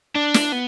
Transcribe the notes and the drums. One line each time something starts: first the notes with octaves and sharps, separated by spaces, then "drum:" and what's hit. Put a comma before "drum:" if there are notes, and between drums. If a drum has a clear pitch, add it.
D4
drum: snare
B3